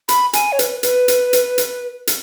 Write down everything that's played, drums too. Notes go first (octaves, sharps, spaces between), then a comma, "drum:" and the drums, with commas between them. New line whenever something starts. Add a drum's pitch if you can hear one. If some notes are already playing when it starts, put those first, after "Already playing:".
B5, drum: hi-hat
G#5, drum: hi-hat
C#5
B4, drum: hi-hat
B4, drum: hi-hat
drum: hi-hat
drum: hi-hat
drum: hi-hat
drum: hi-hat